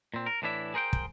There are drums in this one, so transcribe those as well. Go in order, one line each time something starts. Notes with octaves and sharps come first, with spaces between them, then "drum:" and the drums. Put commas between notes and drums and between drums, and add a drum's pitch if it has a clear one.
A#2 C4
A#4
A2 E3 D4 E4 E5
G#4 A#4 C5 F#5 G5
drum: kick